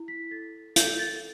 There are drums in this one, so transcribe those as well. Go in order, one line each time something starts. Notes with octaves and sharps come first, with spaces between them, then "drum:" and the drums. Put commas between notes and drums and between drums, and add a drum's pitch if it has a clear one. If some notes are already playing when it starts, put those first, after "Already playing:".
Already playing: E4
B6
A4 A6
A4 G6, drum: hi-hat
A6
A6